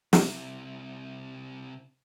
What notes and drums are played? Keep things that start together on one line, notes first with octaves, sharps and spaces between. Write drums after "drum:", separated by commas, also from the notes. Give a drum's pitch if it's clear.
C3 E4, drum: snare